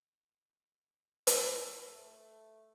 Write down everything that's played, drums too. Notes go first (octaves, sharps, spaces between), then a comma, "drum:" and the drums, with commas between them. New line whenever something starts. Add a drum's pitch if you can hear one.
C#5 D5, drum: hi-hat
A3 A4